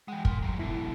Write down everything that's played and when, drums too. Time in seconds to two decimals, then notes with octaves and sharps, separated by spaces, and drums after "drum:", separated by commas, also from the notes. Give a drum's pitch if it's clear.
0.08 E3 G#3 F#5 G5
0.25 A#4 C6, drum: kick
0.42 F#3 G#3
0.59 C2 B2 D3 E4